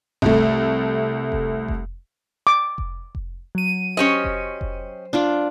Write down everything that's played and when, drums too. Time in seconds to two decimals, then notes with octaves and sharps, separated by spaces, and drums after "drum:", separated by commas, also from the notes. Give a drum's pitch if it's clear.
0.22 C2 A3, drum: kick F1
1.32 drum: kick F1
1.68 drum: kick F1
2.47 D6
2.78 drum: kick F1
3.15 drum: kick F1
3.55 F#3 D#7
3.97 C#4 G4 C5 D#5
4.24 drum: kick F1
4.61 drum: kick F1
5.13 D4 F4 D5